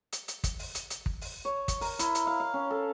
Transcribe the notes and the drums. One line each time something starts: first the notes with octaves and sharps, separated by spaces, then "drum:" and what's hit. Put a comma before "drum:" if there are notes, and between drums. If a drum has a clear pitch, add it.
drum: hi-hat
drum: hi-hat
drum: kick, hi-hat
drum: open hi-hat
drum: hi-hat
drum: hi-hat
drum: kick
drum: open hi-hat
C#5
drum: kick, hi-hat
A#4, drum: open hi-hat
E4, drum: hi-hat
drum: hi-hat
F5
F5
C#4
A4